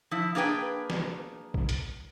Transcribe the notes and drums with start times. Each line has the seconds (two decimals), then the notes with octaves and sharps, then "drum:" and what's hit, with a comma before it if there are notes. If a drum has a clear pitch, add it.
0.11 F3 E4
0.35 A#3 D4 G#4 B4 G5
0.90 drum: snare
1.54 drum: kick A#1
1.69 drum: hi-hat